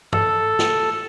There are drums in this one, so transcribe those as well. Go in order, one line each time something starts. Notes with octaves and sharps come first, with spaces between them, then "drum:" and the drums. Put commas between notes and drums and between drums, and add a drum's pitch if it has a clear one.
A4, drum: tom
drum: snare